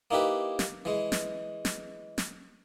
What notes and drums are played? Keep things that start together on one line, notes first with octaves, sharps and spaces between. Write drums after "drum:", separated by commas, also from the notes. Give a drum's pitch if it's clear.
A#3 D#4 E4 G4 B4
drum: snare
E3 G#3
drum: snare
drum: snare
drum: snare